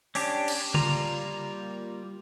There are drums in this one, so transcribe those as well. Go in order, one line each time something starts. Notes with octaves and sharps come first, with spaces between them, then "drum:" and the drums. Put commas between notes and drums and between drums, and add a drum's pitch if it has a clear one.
C#4 D4 G4, drum: open hi-hat
drum: cymbal
G3 A#3 F4 A#5, drum: tom C#3